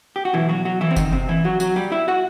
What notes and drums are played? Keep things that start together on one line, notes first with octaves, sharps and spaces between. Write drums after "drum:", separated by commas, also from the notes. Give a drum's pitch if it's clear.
G4
F#4
B2 E3 F#3 E4
F#3 F#4
F#3 F#4
E3 E4
C4
D#3 D#4, drum: kick F#1, tambourine
C3 C4
E3 E4
F#3 F#4
F#3 F#4, drum: tambourine
G3 G4
E4 E5
F#4 F#5